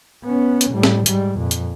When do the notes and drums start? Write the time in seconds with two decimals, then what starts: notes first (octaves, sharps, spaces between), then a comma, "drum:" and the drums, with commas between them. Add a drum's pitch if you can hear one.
0.24 B3 C#4
0.61 drum: hi-hat
0.71 A2 G3
0.83 drum: snare
1.06 G#2 G3, drum: hi-hat
1.38 F2 A#2
1.51 drum: hi-hat